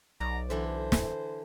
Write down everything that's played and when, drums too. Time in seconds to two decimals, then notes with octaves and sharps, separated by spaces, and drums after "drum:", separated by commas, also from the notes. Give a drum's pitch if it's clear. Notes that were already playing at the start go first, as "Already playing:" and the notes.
0.20 B1 D5 A#5
0.50 D3 E3 D4 C5
0.92 C6, drum: snare